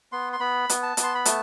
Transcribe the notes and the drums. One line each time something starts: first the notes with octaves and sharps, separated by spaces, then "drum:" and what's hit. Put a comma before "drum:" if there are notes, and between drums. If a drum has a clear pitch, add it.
B3 C6
C6
B3 B5
B3, drum: hi-hat
A5
B3, drum: hi-hat
C6
B5
A3 A5, drum: hi-hat